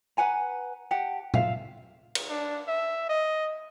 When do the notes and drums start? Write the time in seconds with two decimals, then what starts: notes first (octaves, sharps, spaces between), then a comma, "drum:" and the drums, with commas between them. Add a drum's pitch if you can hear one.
0.17 B4 F#5 G#5 A#5
0.91 G4 F#5 A5
1.34 F4 E5 F5, drum: tom A#2
2.15 drum: cymbal
2.30 D4
2.68 E5
3.10 D#5